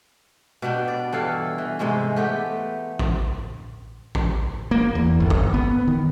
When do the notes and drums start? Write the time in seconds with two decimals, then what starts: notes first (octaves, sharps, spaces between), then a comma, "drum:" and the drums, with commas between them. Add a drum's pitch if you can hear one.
0.62 B2 B3 D4 G4
0.88 D5
1.13 G2 E3 A4 F5
1.58 E3
1.79 G#2 C3 G#3 A3
2.16 A3 B3 G4
2.99 drum: kick A1
4.15 drum: kick A1
4.71 A#3
4.95 E2
5.20 G1
5.30 drum: kick A1
5.54 B3
5.88 D#3